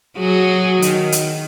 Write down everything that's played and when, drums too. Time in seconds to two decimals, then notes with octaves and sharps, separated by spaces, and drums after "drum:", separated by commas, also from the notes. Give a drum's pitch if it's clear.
0.17 F#3 F#4 G#4
0.82 D#3, drum: hi-hat
1.12 drum: hi-hat